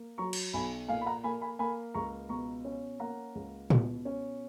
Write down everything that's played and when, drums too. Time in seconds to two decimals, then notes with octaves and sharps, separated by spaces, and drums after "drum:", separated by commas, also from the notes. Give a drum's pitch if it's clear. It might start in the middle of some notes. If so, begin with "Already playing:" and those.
Already playing: A#3
0.18 F#3 A#5 C#6
0.33 drum: cymbal
0.53 B1 G#5 B5
0.88 A#2 F5 G#5
1.01 B5
1.06 F#5 A#5
1.24 A#3 G#5 B5
1.41 G#5 B5
1.59 A#3 G#5 B5
1.94 C#2 A#5 C#6
2.29 B2 A#5 C#6
2.65 C#4
3.00 A#3 F#5 A#5
3.35 C#2
3.70 B2, drum: tom A2
4.05 C#4